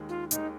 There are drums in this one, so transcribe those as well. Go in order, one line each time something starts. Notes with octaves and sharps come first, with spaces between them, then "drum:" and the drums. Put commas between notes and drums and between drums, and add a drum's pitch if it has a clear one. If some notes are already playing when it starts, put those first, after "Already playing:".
Already playing: D#2 D#3 G#3
F4
D#2 D#3 G#3 D#4, drum: hi-hat